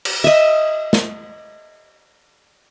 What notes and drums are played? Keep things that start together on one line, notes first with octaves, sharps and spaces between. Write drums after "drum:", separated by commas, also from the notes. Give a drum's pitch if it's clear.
drum: cymbal
D#5 E5
drum: snare